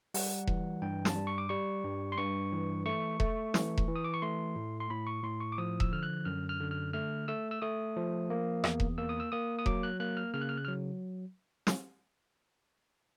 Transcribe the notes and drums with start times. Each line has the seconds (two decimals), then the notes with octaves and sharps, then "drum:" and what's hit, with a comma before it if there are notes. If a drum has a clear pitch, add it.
0.14 G3 F#5, drum: open hi-hat
0.47 E3, drum: kick E1
0.82 G2 G5
1.05 A5, drum: snare
1.16 G3
1.27 C#6
1.38 D6
1.49 G3 C#6
1.84 G2
2.12 C6
2.18 G2 C#6
2.52 E3
2.86 A3 C#6
3.20 A3, drum: kick E1
3.54 E3, drum: snare
3.78 drum: kick E1
3.88 E3
3.96 D#6
4.04 D6
4.14 C#6
4.22 A3 C6
4.56 A2
4.80 C6
4.90 A2 B5
5.07 C#6
5.24 A2 C6
5.40 C#6
5.52 D6
5.58 F3 D#6
5.80 E6, drum: kick E1
5.92 D3 F6
6.03 F#6
6.25 F#2 F6
6.49 F6
6.60 D3
6.71 F6
6.93 A3 F6
7.28 A3 E6
7.51 E6
7.62 A3 D#6
7.96 F3
8.30 A#3
8.64 E2, drum: rim click
8.80 drum: kick E1
8.98 A#3 E6
9.09 D#6
9.20 E6
9.32 A#3 D#6
9.59 D#6
9.66 F#3 D6, drum: kick E1
9.83 F#6
10.00 A#3 F#6
10.17 F6
10.34 C#3 F6
10.41 F#6
10.49 F6
10.57 F#6
10.65 F6
10.68 F#3
11.67 drum: snare